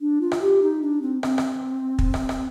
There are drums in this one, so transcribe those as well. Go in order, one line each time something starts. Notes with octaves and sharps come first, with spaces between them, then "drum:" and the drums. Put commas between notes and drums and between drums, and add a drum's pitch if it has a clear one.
D4
F4
drum: rim click
G4
D#4
D4
C4
C4, drum: rim click
drum: rim click
drum: kick
drum: rim click
drum: rim click